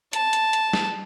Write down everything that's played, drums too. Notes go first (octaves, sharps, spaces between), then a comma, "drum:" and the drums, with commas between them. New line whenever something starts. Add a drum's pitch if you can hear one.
A5, drum: hi-hat
drum: hi-hat
drum: hi-hat
drum: snare